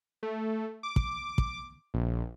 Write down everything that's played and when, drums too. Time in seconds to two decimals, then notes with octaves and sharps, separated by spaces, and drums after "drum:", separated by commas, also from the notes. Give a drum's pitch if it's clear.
0.23 A3
0.83 D6
0.96 drum: kick
1.38 drum: kick
1.94 A#1